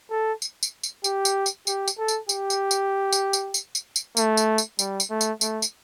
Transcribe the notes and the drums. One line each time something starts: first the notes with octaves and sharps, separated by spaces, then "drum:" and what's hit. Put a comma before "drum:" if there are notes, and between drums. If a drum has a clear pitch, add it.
A4
drum: tambourine
drum: tambourine
drum: tambourine
G4, drum: tambourine
drum: tambourine
drum: tambourine
G4, drum: tambourine
drum: tambourine
A4
drum: tambourine
G4, drum: tambourine
drum: tambourine
drum: tambourine
drum: tambourine
drum: tambourine
drum: tambourine
drum: tambourine
drum: tambourine
A3, drum: tambourine
drum: tambourine
drum: tambourine
G3, drum: tambourine
drum: tambourine
A3
drum: tambourine
A3, drum: tambourine
drum: tambourine